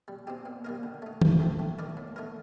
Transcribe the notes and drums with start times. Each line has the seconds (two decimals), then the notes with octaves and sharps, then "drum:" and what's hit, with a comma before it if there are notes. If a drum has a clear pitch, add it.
0.08 G3
0.27 C4 D#4 G4
0.46 A#2
0.65 G3 A#3 D#4 A#4
0.83 D3
1.02 A3 D#4
1.22 F3, drum: tom
1.40 A3 C4
1.59 A3
1.79 D#4 A#4 D5
1.97 A2
2.16 A3 D#4 A#4